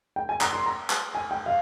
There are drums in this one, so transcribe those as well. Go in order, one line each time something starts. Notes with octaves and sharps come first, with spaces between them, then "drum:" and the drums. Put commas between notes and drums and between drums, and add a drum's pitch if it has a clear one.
G5
G#5
A#5, drum: clap
C6
A#5
drum: clap
G#5
G5
F5